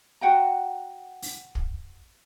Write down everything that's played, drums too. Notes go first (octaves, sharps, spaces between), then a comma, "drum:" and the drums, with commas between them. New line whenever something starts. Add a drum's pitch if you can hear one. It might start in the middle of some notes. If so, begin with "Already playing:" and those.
F#4 F#5 G5 A#5
drum: open hi-hat
drum: kick